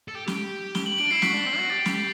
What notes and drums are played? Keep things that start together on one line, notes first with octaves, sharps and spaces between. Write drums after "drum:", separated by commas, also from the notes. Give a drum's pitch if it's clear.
A4
G4
G4, drum: snare
G7, drum: snare
F#7
D4 D7
E4 C7
F#4 B6, drum: snare
D4
C4
F#4
G4 A6
drum: snare